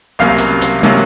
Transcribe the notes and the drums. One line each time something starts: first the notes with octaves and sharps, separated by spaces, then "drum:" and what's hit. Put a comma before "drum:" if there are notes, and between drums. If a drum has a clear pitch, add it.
C2 C3 F#3 A#3 C#4 F5, drum: tambourine
drum: snare
drum: snare
C3 F#3 A#3 C#4, drum: tom